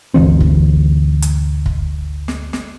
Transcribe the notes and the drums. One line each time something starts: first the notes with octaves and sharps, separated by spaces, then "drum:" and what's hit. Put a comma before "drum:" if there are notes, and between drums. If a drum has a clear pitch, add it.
G1 D2 E3 C4
drum: kick
drum: hi-hat
drum: kick
drum: snare
drum: snare